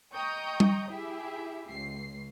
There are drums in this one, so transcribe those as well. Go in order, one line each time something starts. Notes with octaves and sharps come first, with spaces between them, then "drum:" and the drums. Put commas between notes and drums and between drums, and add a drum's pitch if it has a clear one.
D#5 G5 A#5 C#6 D#6 G6
drum: tom G3
E4 G4 G#4 E5
C#2 C7